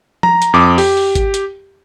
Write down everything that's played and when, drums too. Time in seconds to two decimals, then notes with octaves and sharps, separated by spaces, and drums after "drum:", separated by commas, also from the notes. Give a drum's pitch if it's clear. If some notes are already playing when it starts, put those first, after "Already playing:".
0.23 A#5, drum: tom F3
0.42 drum: hi-hat
0.54 F2 D6 D#6
0.78 G4, drum: open hi-hat
0.97 drum: open hi-hat
1.15 drum: kick G#1, hi-hat
1.34 drum: hi-hat